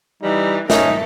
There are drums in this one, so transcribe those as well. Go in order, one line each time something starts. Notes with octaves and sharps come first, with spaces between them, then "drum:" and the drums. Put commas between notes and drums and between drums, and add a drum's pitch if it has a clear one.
E3 G3 D#4
C#4 D#4 A4 A#4 E5, drum: snare